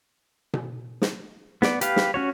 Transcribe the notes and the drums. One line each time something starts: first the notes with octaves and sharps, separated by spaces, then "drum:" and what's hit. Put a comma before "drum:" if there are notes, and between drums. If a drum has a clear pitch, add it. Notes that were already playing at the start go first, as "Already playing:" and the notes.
drum: tom B2
drum: snare
B3 D5, drum: snare
G4 B4 F5, drum: hi-hat
drum: snare
C#4 F#4 C#5